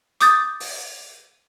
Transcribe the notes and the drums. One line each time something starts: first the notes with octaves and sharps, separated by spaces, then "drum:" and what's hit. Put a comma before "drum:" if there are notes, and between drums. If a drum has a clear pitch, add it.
D6 D#6 G6 A6, drum: hi-hat
drum: open hi-hat